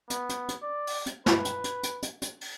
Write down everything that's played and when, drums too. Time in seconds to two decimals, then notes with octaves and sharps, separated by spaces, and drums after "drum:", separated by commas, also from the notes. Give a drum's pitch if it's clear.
0.10 B3, drum: hi-hat
0.29 drum: hi-hat
0.49 drum: hi-hat
0.62 D5
0.87 drum: open hi-hat
1.06 drum: hi-hat
1.26 B4, drum: snare
1.45 drum: hi-hat
1.64 drum: hi-hat
1.83 drum: hi-hat
2.02 drum: hi-hat
2.22 drum: hi-hat
2.41 drum: open hi-hat